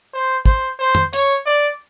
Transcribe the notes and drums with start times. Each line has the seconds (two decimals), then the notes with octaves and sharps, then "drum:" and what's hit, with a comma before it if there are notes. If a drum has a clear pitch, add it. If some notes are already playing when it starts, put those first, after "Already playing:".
0.13 C5
0.45 C5, drum: kick
0.79 C5
0.95 drum: tom F2
1.13 C#5, drum: hi-hat
1.46 D5